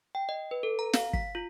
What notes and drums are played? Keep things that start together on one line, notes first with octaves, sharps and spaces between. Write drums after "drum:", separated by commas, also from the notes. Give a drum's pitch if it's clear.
G5
D#5
B4
A4
A#5
F5, drum: snare
B6, drum: kick
F4